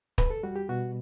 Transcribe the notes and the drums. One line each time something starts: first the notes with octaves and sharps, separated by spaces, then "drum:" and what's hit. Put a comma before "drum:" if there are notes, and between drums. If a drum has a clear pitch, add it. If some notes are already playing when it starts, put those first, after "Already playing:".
E2 B4, drum: kick
A4
G3 F#4
G4
B2 F#4